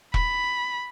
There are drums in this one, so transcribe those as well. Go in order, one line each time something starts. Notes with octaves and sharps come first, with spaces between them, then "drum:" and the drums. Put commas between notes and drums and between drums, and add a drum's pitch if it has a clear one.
B5, drum: kick E1